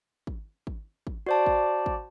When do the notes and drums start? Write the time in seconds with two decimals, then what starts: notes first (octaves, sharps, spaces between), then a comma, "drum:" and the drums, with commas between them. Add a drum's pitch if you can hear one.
0.27 drum: kick
0.67 drum: kick
1.07 drum: kick
1.26 F#4 C5 D5 A5
1.46 drum: kick
1.86 drum: kick